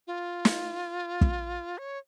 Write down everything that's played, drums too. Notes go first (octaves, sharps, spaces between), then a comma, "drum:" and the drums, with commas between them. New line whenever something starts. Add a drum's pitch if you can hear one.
F4
drum: snare
drum: kick
C#5